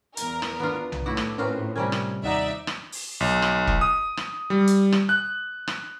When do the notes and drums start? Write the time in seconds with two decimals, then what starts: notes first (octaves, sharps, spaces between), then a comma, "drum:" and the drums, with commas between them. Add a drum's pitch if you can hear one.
0.17 E2 A#4, drum: hi-hat
0.42 drum: rim click
0.60 B3 D4 F4
0.92 drum: tom B1
1.06 A2 E4 F#4 F#5 D6
1.17 drum: rim click
1.38 C4 C#4 F4 F#4 A#4 B4
1.76 C3 G3 C#4 A#4 G#6
1.92 drum: rim click
2.24 D#2 D#4 D5 E5 F#5 A#5
2.67 drum: rim click
2.92 drum: open hi-hat
3.20 B1
3.42 drum: rim click
3.67 drum: kick E1
3.81 D#6
4.17 drum: rim click
4.50 G3
4.67 drum: hi-hat
4.92 drum: rim click
5.09 F#6
5.68 drum: rim click